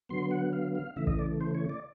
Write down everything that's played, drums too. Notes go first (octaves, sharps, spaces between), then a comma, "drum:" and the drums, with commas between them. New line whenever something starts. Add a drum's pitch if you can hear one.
D3 F#3 B3 C6
F#5
F5
F5
C#3 E3 A3 E5
D#5, drum: kick A#1
D5
C5
C#5
D5